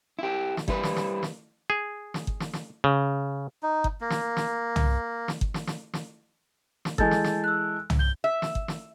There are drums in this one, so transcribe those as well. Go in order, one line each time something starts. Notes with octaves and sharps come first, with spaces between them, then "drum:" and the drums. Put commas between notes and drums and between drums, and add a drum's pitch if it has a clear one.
E4 G4
drum: snare
G3 E4 B4, drum: kick G1
drum: snare
drum: snare
drum: snare
G#4
drum: snare
drum: kick G1
drum: snare
drum: snare
C#3
D#4
drum: kick G1
A#3
drum: snare
drum: snare
drum: tom
drum: snare
drum: kick G1
drum: snare
drum: snare
drum: snare
drum: snare
E3 G#3 A4 G#5 G6 A6, drum: kick G1
drum: snare
drum: snare
E6 F#6
drum: tom
G6 G7
E5
drum: snare
drum: kick G1
drum: snare